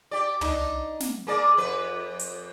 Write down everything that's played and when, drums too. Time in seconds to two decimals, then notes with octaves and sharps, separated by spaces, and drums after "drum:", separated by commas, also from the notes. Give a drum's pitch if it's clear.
0.11 G4 D5
0.41 D4 D#4, drum: tom
1.00 drum: snare
1.27 A#3 G#4 D5
1.57 F2 B4
2.19 drum: hi-hat